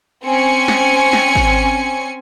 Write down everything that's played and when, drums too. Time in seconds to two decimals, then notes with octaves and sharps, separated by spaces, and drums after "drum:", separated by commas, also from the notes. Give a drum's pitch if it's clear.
0.24 C4 C#4 G#5 C#7
0.68 drum: snare
1.13 drum: snare
1.35 drum: kick G#1